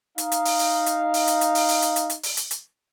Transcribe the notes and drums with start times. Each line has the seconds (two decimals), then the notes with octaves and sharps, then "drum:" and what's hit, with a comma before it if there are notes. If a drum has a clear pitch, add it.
0.18 D#4 F5, drum: hi-hat
0.32 drum: hi-hat
0.45 drum: open hi-hat
0.59 drum: open hi-hat
0.86 drum: hi-hat
1.14 drum: open hi-hat
1.27 drum: hi-hat
1.41 drum: hi-hat
1.55 drum: open hi-hat
1.69 drum: open hi-hat
1.82 drum: hi-hat
1.96 drum: hi-hat
2.10 drum: hi-hat
2.23 drum: open hi-hat
2.37 drum: hi-hat
2.51 drum: hi-hat